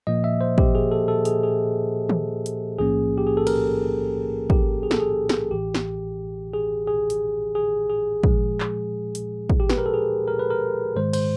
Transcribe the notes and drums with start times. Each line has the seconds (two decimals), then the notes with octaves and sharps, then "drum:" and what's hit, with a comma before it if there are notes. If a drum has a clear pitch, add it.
0.07 A#2 F3 A#3 D#5
0.24 E5
0.41 C5
0.58 G4, drum: kick
0.75 G#4
0.92 A4
1.08 A4
1.25 G#4, drum: hi-hat
1.43 G#4
2.09 drum: tom D#3
2.46 drum: hi-hat
2.79 B1 A2 F3 A#3 C#4 G#4
3.18 G4
3.27 G#4
3.37 A4
3.47 A#4, drum: cymbal
4.50 G4, drum: kick
4.83 G#4
4.91 A4, drum: snare
5.00 G#4
5.29 drum: snare
5.51 A1 A2 E3 G4
5.75 drum: snare
6.54 G#4
6.88 G#4
7.10 drum: hi-hat
7.55 G#4
7.90 G#4
8.24 A#2 F3 G#3, drum: kick
8.60 drum: clap
9.15 drum: hi-hat
9.50 drum: kick
9.60 G4
9.69 B4, drum: snare
9.78 A#4
9.86 A4
9.94 G#4
10.28 A#4
10.39 B4
10.50 A#4
10.96 G#2 D#3 G#3 C5
11.13 C5, drum: cymbal